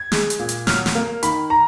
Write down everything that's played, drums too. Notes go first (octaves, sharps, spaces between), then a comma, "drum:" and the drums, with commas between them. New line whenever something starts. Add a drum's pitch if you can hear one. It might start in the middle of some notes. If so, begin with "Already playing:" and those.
Already playing: G#6
G#3, drum: snare
drum: hi-hat
A#2
drum: hi-hat
F#3 F6, drum: snare
drum: snare
A#3
D#3 B5, drum: hi-hat
A#5